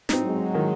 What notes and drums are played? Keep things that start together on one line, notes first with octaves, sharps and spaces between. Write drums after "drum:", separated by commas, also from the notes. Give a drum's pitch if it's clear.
C4 D#4, drum: snare
F#3 G#3
D#3